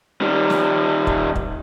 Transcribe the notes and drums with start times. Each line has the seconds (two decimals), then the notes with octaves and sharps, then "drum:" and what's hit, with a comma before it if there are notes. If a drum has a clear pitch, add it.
0.21 D#3 G3
0.50 drum: snare
1.07 drum: kick
1.36 drum: kick